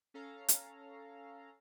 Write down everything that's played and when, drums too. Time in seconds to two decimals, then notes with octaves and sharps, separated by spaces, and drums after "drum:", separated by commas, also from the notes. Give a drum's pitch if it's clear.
0.14 C#4 A4 F5 A#5
0.49 drum: hi-hat